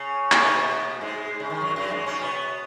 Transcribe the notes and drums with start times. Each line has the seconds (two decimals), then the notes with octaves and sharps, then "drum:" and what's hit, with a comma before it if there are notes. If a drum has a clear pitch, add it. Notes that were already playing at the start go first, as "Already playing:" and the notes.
Already playing: C#3 C#4
0.32 drum: clap
0.41 B2 B3
1.01 G#2 G#3
1.40 C#3
1.50 D#3
1.61 F#2 F#3
1.76 F#2 F#3
1.91 G#2 G#3
2.06 C#3 C#4
2.21 B2 B3